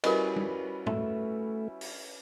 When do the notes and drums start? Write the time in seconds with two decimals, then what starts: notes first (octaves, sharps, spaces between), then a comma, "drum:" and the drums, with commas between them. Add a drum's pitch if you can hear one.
0.04 G3 C#4 E4 F#4 A#4 B4 D#5, drum: cymbal
0.36 drum: tom G3
0.86 A3 E5, drum: tom A2
1.81 drum: open hi-hat